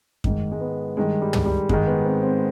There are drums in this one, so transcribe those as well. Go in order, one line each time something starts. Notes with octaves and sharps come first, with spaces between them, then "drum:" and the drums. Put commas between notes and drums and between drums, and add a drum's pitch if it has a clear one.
G#2 D#3, drum: kick F#2
G#3
B3
G2 D#3 G#3
G3
drum: tom
G3
G#2 D#3 G#3, drum: kick F#2
B3
C4
C4